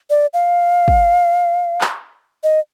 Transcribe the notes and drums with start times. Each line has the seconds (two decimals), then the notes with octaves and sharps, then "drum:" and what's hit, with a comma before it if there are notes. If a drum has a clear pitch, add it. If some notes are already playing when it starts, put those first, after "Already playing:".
0.10 D5
0.34 F5
0.88 drum: kick
1.81 drum: clap
2.44 D#5